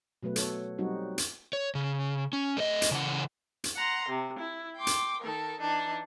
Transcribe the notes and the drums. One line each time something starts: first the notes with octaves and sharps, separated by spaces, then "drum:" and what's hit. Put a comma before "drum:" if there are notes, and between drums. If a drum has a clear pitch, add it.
B2 F#3 A3 B4
A4 C#5, drum: hi-hat
F#3 G3 C4 D#4 F#4
drum: hi-hat
C#5
C#3
C#4
A3 C#5 D#5
drum: hi-hat
C#3 E3 C5 F#5
drum: hi-hat
F#5 A#5 C6
C3
E4
G5 C6 D6
drum: hi-hat
D#3 A4 A#4
E3 D4 D#4